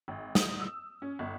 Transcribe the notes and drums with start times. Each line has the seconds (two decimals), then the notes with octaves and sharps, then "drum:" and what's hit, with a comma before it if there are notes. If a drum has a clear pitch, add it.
0.08 G#1
0.35 D#6, drum: snare
0.60 E6
1.02 C#4
1.19 G1